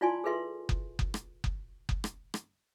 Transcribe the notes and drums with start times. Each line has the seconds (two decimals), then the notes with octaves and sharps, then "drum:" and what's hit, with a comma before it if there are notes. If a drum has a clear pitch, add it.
0.01 E4 F4 D5 G#5 A5 C6
0.24 G#4 A4 B4 E5 C6
0.69 drum: kick F#1
0.99 drum: kick F#1
1.14 drum: rim click
1.44 drum: kick F#1
1.89 drum: kick F#1
2.04 drum: rim click
2.34 drum: rim click